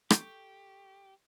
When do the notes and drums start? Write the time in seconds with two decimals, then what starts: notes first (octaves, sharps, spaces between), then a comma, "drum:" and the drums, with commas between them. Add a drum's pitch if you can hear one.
0.10 G4 A4 C#6 G6, drum: rim click